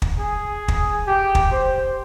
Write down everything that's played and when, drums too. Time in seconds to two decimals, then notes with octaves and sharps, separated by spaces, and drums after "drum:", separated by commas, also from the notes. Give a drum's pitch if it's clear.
0.02 drum: kick
0.19 G#4
0.68 drum: kick
1.07 G4
1.35 drum: kick
1.51 C5